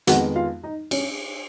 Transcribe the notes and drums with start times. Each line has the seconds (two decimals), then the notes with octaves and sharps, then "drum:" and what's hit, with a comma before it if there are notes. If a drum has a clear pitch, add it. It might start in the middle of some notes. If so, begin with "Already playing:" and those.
0.07 F2 D#3 G#3 B3 F#4 F#5, drum: hi-hat
0.35 F4 F5
0.63 D#4 D#5
0.91 C#4 C#5, drum: cymbal